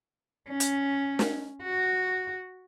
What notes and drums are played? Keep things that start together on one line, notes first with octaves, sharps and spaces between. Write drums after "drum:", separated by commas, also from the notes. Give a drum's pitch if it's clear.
C#4
drum: hi-hat
drum: snare
F#4